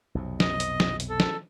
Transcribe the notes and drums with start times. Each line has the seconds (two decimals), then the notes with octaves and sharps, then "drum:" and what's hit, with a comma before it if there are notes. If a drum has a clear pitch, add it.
0.15 B1 F2 C3
0.40 D#5, drum: snare
0.60 drum: hi-hat
0.80 drum: snare
1.00 drum: hi-hat
1.09 A4
1.20 drum: snare